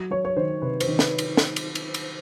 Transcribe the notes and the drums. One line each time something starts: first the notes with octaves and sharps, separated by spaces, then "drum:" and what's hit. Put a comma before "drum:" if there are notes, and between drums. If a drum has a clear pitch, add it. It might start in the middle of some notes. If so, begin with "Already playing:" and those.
Already playing: F#3
F#3 C#5
C#5
D#3 C5
C3 B4
C5, drum: cymbal
D#3
B4, drum: snare
drum: cymbal
drum: snare
drum: cymbal
drum: cymbal
drum: cymbal